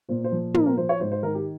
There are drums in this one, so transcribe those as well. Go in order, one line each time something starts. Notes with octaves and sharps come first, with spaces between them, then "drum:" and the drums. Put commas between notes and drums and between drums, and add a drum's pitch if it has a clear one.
A#2 C5
C5
F3
A#2 A#4, drum: tom
A#4
F3 C5
C#5
G#2 C5
C5
D#3 A#4
G4